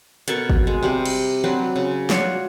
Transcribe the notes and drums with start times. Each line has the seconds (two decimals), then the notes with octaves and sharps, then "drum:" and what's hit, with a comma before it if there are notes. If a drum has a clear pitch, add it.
0.28 B2 A4 A#4 C#6, drum: hi-hat
0.50 drum: kick G#1
0.67 G#3
0.83 C3 G3 C5
1.05 drum: cymbal
1.44 F#3 C4 D4 B4
1.76 C#3
2.10 D4 F4 F#4 C#5, drum: snare